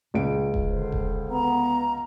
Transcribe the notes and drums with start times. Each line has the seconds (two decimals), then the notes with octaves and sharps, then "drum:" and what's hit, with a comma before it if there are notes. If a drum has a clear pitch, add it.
0.14 C#2 A#2 D7
0.54 drum: kick E1
0.67 D3 C5
0.92 drum: kick E1
1.31 B3 A#5